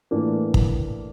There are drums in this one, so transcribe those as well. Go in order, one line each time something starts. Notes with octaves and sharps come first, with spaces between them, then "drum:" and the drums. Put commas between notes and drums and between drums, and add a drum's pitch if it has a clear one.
A2 E3 A#3 D4
drum: kick